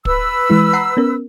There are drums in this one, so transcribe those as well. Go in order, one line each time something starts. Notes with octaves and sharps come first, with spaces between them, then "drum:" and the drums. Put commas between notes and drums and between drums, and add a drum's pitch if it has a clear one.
B4 E6, drum: kick
E3 G#3 E4
F#5 A#5 C7
B3 C#4 A#4